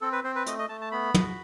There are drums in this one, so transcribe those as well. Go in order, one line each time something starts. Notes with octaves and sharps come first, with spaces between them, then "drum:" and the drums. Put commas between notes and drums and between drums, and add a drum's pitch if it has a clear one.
C4 A4
B4
C4 C5
B4
A3 D#5, drum: hi-hat
D#5
A3 A5
A5
B3 B5
F#4, drum: tom